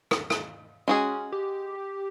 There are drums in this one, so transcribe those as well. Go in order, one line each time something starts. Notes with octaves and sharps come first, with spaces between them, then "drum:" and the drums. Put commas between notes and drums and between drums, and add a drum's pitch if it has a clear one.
drum: rim click
drum: rim click
G#3 C#4 F#4 G#4
G4